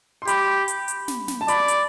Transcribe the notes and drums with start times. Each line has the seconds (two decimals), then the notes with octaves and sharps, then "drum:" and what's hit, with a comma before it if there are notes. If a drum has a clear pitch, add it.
0.22 C6
0.27 G4 B5, drum: hi-hat
0.68 drum: hi-hat
0.88 drum: hi-hat
1.08 drum: snare
1.28 drum: snare
1.41 A5
1.48 D5 B5, drum: hi-hat
1.68 drum: hi-hat